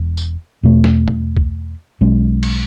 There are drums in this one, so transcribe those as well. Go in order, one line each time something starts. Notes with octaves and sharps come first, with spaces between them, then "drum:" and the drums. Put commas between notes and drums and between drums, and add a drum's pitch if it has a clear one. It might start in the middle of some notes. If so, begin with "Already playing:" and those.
Already playing: E1 E2
drum: tambourine
E2 B2 A3
drum: snare
drum: tom E2
drum: kick C2
B1 B2 G#3 C#4
drum: cymbal